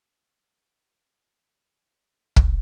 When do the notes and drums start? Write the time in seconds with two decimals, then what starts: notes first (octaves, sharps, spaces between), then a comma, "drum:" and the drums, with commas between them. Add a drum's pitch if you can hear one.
1.15 G3 G5
1.38 F#4
1.95 C5 C6
2.36 drum: kick